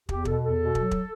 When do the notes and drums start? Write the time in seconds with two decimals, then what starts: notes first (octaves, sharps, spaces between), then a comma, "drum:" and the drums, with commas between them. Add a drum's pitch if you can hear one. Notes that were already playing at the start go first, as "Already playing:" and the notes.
0.09 E2 G4, drum: kick
0.25 B2 A4, drum: kick
0.42 E2 A4
0.58 B2
0.75 F#3, drum: kick
0.91 drum: kick